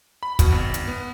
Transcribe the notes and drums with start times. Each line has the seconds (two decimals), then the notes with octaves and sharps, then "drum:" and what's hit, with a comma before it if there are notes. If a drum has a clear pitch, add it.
0.23 B5
0.39 B2, drum: kick, hi-hat
0.52 G#1
0.74 drum: hi-hat
0.88 B3